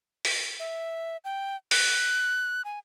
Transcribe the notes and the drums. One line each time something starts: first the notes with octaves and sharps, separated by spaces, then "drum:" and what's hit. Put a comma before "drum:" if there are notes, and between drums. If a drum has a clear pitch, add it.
drum: open hi-hat
E5
G5
F#6, drum: open hi-hat
G#5